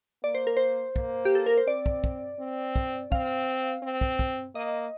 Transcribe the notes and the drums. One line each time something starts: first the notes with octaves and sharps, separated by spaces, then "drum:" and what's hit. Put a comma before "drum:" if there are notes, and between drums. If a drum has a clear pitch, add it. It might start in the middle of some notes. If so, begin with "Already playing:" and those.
A#3 D5
C5
A#4
C5
A#3, drum: kick
G4
A4
A#4
C5
C4 D5
drum: kick
drum: kick
C4
drum: kick
C4 F5, drum: kick
C4
drum: kick
drum: kick
A#3 D#5